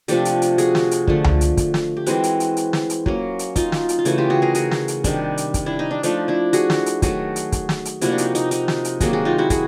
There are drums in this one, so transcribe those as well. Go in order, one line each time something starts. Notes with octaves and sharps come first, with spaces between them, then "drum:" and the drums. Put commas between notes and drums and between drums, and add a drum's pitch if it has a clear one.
C3 F3 A3 D4 G4 A4, drum: hi-hat
drum: hi-hat
drum: hi-hat
F#4 G#4, drum: hi-hat
drum: snare
drum: hi-hat
D3 F3 A3, drum: kick
drum: tom C#2
drum: hi-hat
drum: kick, hi-hat
drum: snare
G4
E3 G#3 C4 E4 F#4, drum: hi-hat
drum: hi-hat
drum: hi-hat
drum: hi-hat
drum: snare
drum: hi-hat
F#3 A#3 C#4, drum: kick
drum: hi-hat
D#4 F4, drum: kick, hi-hat
drum: snare
drum: hi-hat
F4
C#3 E3 A3 E4 F#4, drum: hi-hat
F4 G4
F#4 G#4
G#4 A#4
F#4 G#4, drum: hi-hat
drum: snare
drum: hi-hat
C3 D#3 G3 D4, drum: kick, hi-hat
drum: hi-hat
drum: kick, hi-hat
D4 E4
D#4
D4
F3 A3 D4 D#4, drum: hi-hat
D4 E4
F#4 G#4, drum: hi-hat
drum: snare
drum: hi-hat
D#3 F#3 A3 F#4 G#4, drum: kick, hi-hat
drum: hi-hat
drum: kick, hi-hat
drum: snare
drum: hi-hat
C3 F3 A#3 D4 E4 F#4, drum: hi-hat
D4
D#4, drum: hi-hat
D#4, drum: hi-hat
D#4, drum: hi-hat
drum: snare
drum: hi-hat
C3 D#3 F#3 A#3 F#4 G#4, drum: kick, hi-hat
F#4 G#4
D#4 F4
E4 F#4
F#4 G#4, drum: kick, hi-hat